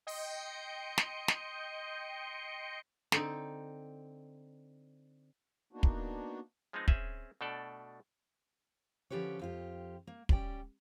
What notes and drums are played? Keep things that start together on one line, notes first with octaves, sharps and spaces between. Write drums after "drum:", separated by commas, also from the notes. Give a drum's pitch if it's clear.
D#5 G5 C6 G6 C#7
drum: snare
drum: snare
D3 C4 D#4, drum: snare
A#3 B3 D4 D#4 F#4
drum: kick
F3 G#3 B3 C4 D#4
C4 C#4 G#4 E5, drum: kick
B2 A3 D4 A4 D5
D3 F3 C#4 G4 B4 C#5
F2 F4 G4
A#3
G3 C#4 D5 G5, drum: kick